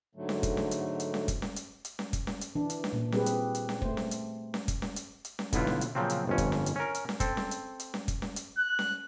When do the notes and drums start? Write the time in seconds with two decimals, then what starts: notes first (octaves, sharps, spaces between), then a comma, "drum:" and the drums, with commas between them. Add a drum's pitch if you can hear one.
0.15 G#2 D3 F#3 A3
0.29 drum: snare C#4
0.43 drum: kick, hi-hat
0.57 drum: snare C#4
0.71 drum: hi-hat
1.00 drum: hi-hat
1.14 drum: snare C#4
1.28 drum: kick, hi-hat
1.42 drum: snare C#4
1.56 drum: hi-hat
1.85 drum: hi-hat
1.99 drum: snare C#4
2.13 drum: kick, hi-hat
2.27 drum: snare C#4
2.41 drum: hi-hat
2.55 E3 D4
2.70 drum: hi-hat
2.84 drum: snare C#4
2.93 A#2
3.12 G3 C4 G4 G#4 B4, drum: snare C#4
3.26 drum: hi-hat
3.55 drum: hi-hat
3.69 drum: snare C#4
3.82 A3 C5, drum: kick
3.97 drum: snare C#4
4.11 drum: hi-hat
4.54 drum: snare C#4
4.68 drum: kick, hi-hat
4.82 drum: snare C#4
4.96 drum: hi-hat
5.25 drum: hi-hat
5.39 drum: snare C#4
5.53 B1 D3 B3 E4 F4, drum: kick, hi-hat
5.67 drum: snare C#4
5.81 drum: hi-hat
5.95 A#2 C#3 F3 F#3 C4
6.10 drum: hi-hat
6.27 G1 F2 C#4
6.38 drum: kick, hi-hat
6.52 drum: snare C#4
6.66 drum: hi-hat
6.76 C#4 A#4
6.95 drum: hi-hat
7.09 drum: snare C#4
7.20 C4 A4, drum: kick, hi-hat
7.37 drum: snare C#4
7.51 drum: hi-hat
7.80 drum: hi-hat
7.94 drum: snare C#4
8.08 drum: kick, hi-hat
8.22 drum: snare C#4
8.36 drum: hi-hat
8.58 F#6
8.79 drum: snare C#4